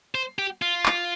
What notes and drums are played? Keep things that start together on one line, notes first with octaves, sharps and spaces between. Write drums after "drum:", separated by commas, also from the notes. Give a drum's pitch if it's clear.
C5
G4
F4
drum: clap